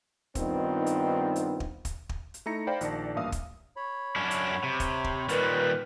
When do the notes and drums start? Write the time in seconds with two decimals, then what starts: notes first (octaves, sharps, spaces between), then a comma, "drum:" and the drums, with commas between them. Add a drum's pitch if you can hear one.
0.35 G2 D#3 B3 C4 D#4 F4, drum: kick, hi-hat
0.86 drum: hi-hat
1.36 drum: hi-hat
1.60 drum: kick
1.85 drum: kick, hi-hat
2.09 drum: kick
2.34 drum: hi-hat
2.46 A3 D#4 E4 A#5 A#6 C#7
2.67 C5 D5 F5 G5 B5
2.81 A#1 D#3 D5 A5 A#6, drum: hi-hat
3.16 A1 G2 A#3 E5 F5 D#6
3.32 drum: kick, hi-hat
3.76 C#5 B5
4.16 F#2 C#4 D4
4.31 drum: hi-hat
4.64 C3
4.80 drum: kick, hi-hat
5.04 drum: kick
5.29 A#2 D#3 G3 A#4 B4, drum: hi-hat